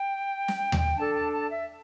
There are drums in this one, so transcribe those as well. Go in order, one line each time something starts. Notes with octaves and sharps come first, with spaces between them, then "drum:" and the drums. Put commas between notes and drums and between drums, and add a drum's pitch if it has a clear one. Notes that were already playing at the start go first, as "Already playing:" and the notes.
Already playing: G5
drum: snare
drum: tom D#2
D4 A4 A5
A5
A5
E5